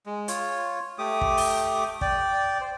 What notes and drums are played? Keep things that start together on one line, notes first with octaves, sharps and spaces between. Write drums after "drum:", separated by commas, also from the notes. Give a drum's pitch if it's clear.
G#3
F4 C#5, drum: hi-hat
A3 G4 D6 D#6
drum: kick
drum: open hi-hat
D5 G5, drum: kick
C5